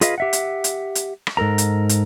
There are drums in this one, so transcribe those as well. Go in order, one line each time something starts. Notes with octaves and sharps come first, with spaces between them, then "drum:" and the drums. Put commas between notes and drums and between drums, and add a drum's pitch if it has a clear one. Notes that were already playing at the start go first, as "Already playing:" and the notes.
F4 G#4 B4 D#5 F5, drum: hi-hat
G4 E5 F#5
drum: hi-hat
drum: hi-hat
drum: hi-hat
drum: rim click
G#2 A4 A#4 A#5
drum: hi-hat
drum: hi-hat